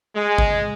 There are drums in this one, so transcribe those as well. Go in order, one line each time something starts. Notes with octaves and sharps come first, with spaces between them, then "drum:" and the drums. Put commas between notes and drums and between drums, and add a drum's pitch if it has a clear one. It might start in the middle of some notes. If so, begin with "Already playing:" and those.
G#3
drum: kick G#1